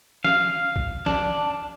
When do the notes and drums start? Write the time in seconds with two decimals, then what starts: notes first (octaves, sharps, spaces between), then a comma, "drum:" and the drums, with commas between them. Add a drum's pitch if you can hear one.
0.24 F5, drum: snare
0.76 drum: kick A#1
1.06 D4, drum: snare